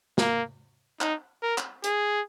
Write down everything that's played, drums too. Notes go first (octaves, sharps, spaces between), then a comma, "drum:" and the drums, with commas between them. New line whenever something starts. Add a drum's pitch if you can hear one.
A#3, drum: snare
D#4, drum: clap
A#4
drum: clap
G#4, drum: hi-hat